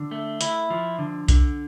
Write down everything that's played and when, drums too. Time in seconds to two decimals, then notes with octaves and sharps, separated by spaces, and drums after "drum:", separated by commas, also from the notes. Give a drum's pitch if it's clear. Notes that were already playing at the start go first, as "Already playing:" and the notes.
Already playing: D3
0.11 A3
0.41 E4, drum: hi-hat
0.70 F3
0.99 D3
1.28 D3, drum: kick B1, hi-hat